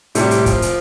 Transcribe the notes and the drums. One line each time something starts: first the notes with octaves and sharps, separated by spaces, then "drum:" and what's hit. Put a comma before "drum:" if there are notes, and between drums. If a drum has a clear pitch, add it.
A2 C3 G3, drum: hi-hat
drum: hi-hat
F3, drum: kick, hi-hat
drum: hi-hat